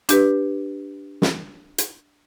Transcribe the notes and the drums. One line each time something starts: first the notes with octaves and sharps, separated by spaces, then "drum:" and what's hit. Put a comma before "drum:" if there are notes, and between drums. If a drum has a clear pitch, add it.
D4 G4 B4, drum: hi-hat
drum: snare
drum: hi-hat